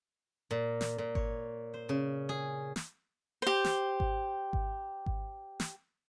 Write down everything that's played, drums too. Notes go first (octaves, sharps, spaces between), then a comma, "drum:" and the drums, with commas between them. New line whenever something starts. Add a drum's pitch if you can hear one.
A#2
drum: snare
A#2
C#5, drum: kick G#1
C5
C#3
G#4
drum: snare
G4 C5
drum: snare
drum: kick G#1
drum: kick G#1
drum: kick G#1
drum: snare